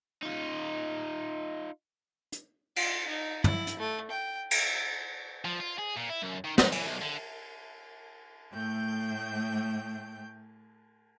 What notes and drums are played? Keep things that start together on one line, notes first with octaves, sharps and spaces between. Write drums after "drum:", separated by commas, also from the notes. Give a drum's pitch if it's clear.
D#4 F4
drum: hi-hat
F4, drum: cymbal
D#4
E4, drum: tom
drum: hi-hat
A3
G5
E5, drum: cymbal
F3
F4
G#4
A#2
E4
F#2
D#3
D#4, drum: snare
E3, drum: cymbal
B1
D3
A2 A3 G5 G6